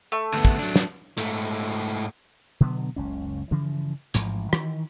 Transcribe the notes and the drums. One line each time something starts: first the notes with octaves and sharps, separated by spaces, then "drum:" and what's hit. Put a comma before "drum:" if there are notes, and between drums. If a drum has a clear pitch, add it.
A3
D2 B3
drum: kick
F#3 D4
drum: snare
G#2 A3, drum: hi-hat
B2 D3 F#3 B3
F#1 C#2 C#4
G2 C#3 E3 F3
A1 G#2 F3, drum: hi-hat
D#3 E3, drum: rim click